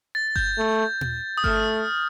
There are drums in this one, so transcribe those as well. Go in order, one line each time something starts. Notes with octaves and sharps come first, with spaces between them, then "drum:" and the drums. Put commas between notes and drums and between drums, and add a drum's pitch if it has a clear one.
A6
G6, drum: kick G1
A3
drum: tom A#2
D#6
A3 F6, drum: kick G1